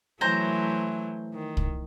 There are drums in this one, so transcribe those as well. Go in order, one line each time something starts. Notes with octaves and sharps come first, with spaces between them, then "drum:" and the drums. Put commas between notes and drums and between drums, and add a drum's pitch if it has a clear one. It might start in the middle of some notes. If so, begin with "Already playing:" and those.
E3 F#3 A3 C5 A#5
D#3
drum: kick